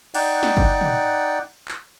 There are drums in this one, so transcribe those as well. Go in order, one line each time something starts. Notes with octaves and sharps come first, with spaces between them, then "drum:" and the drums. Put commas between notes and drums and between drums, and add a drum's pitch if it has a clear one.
D#4 D5 F#5 G5, drum: cymbal
drum: snare
drum: kick F#1
drum: tom
drum: clap